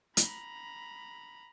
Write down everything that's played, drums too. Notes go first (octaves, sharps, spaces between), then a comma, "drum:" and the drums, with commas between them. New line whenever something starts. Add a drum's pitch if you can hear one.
A#5 B5, drum: hi-hat